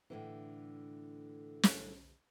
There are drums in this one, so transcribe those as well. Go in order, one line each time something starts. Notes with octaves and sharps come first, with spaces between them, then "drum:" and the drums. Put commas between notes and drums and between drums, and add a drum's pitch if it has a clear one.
A2 D3 E3
drum: snare